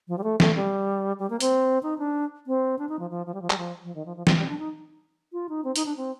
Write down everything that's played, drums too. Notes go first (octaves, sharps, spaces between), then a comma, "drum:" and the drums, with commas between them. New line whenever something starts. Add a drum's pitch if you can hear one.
F3
G3
A3
A3, drum: snare
G3
G3
A#3
C4, drum: hi-hat
D#4
D4
C4
D4
D#4
F3
F3
F3
G3
F3
G3, drum: clap
F3
F3
D#3
F3
F3
F3, drum: snare
G3
D4
D#4
F4
D#4
C4
D#4, drum: hi-hat
D4
C4